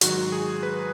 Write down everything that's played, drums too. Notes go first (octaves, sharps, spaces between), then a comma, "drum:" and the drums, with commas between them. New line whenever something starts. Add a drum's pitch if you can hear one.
G#2 D#3 F#3 F#4, drum: hi-hat
G#4
B4